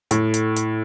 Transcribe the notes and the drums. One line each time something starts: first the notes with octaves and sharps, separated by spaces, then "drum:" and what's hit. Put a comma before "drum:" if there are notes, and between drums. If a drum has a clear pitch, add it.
A2, drum: hi-hat
drum: hi-hat
drum: hi-hat